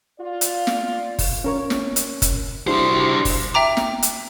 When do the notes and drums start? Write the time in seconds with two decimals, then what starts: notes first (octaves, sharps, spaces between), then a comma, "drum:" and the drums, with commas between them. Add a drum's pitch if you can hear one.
0.19 F4 D5
0.41 drum: hi-hat
0.67 drum: snare
1.19 drum: kick F#1, open hi-hat
1.44 C#4 A#4 C#5
1.70 drum: snare
1.96 drum: hi-hat
2.22 drum: kick F#1, hi-hat
2.68 G3 D4 E4 F#4 C5
3.25 drum: kick F#1, open hi-hat
3.54 E5 G5 A#5 D6
3.77 drum: snare
4.03 drum: hi-hat